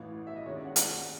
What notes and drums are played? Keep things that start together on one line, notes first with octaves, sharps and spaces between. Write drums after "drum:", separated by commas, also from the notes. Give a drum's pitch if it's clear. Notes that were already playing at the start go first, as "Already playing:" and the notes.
Already playing: A1 A2 E3 F5
E5
D#5
D#2 D#3 G#3 C#4 C#5
D5
F#5
F#5, drum: hi-hat